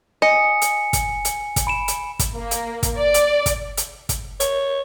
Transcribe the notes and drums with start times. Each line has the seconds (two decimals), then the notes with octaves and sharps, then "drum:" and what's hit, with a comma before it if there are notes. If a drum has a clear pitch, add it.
0.22 D#5 G#5 C#7
0.62 drum: hi-hat
0.93 drum: kick, hi-hat
1.25 drum: hi-hat
1.56 drum: kick, hi-hat
1.67 B5 D7 E7
1.88 drum: hi-hat
2.19 drum: kick, hi-hat
2.36 A#3
2.51 drum: hi-hat
2.83 drum: kick, hi-hat
2.98 D5
3.14 drum: hi-hat
3.46 drum: kick, hi-hat
3.77 drum: hi-hat
4.09 drum: kick, hi-hat
4.40 C#5, drum: hi-hat